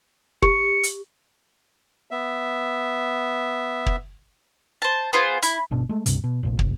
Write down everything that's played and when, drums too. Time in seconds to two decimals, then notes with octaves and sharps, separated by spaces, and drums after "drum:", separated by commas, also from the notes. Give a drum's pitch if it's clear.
0.42 G4 C#7, drum: kick
0.83 drum: hi-hat
2.11 B3 E5
3.86 drum: kick
4.82 C5 A5
5.13 B3 F4 G#4 C5
5.42 E4, drum: hi-hat
5.71 G1 B2 D4
5.89 G#3 A3
6.06 C#2 G2 C3, drum: hi-hat
6.24 B2
6.43 F1 A#1 F2
6.59 F#1 C2, drum: kick